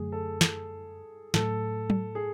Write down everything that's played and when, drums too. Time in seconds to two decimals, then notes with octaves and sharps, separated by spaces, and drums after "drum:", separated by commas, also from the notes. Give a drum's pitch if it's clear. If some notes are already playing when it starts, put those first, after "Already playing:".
Already playing: F#2 D3 F#3 A3 G#4
0.12 A4
0.41 drum: snare
1.34 A2 F#3 A3 A4, drum: snare
1.90 drum: tom F#3
2.15 G#4